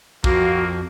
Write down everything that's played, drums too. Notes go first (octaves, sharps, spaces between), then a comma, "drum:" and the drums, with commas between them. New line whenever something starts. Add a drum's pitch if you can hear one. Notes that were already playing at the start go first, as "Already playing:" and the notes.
F2 A#3 C4 F#4 F5, drum: kick